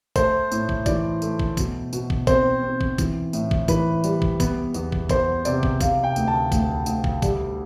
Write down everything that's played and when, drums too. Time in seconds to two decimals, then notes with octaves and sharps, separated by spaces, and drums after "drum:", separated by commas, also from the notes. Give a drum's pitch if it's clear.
0.16 A3 C5, drum: kick, tambourine
0.52 A2, drum: tambourine
0.69 drum: kick
0.86 E3 D5, drum: kick, tambourine
1.22 A3, drum: tambourine
1.39 drum: kick
1.57 B2, drum: kick, tambourine
1.93 B2, drum: tambourine
2.10 drum: kick
2.27 C4 C5, drum: kick, tambourine
2.63 C4
2.81 drum: kick
2.98 E3, drum: kick, tambourine
3.33 A2, drum: tambourine
3.51 drum: kick
3.68 E3 B4, drum: kick, tambourine
4.04 G3, drum: tambourine
4.22 drum: kick
4.40 B3, drum: kick, tambourine
4.74 E2, drum: tambourine
4.92 drum: kick
5.09 B3 C5, drum: kick, tambourine
5.45 C3 D5, drum: tambourine
5.63 drum: kick
5.80 C3 F5, drum: kick, tambourine
6.03 G5
6.16 D2, drum: tambourine
6.28 A5
6.52 D2, drum: kick, tambourine
6.86 D2, drum: tambourine
7.04 drum: kick
7.22 G3, drum: kick, tambourine